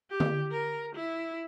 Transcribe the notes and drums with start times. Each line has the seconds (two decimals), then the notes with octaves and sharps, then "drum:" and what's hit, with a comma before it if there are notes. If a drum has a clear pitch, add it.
0.10 G4
0.20 drum: tom D3
0.52 A#4
0.95 E4